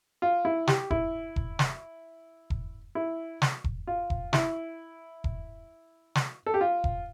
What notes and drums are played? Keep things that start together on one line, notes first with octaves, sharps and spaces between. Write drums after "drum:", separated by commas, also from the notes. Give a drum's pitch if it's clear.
F4
E4
G4, drum: snare
E4, drum: kick E1
drum: kick E1
drum: snare
drum: kick E1
E4
drum: snare
drum: kick E1
F4
drum: kick E1
E4, drum: snare
drum: kick E1
drum: snare
A4
G4
F4
drum: kick E1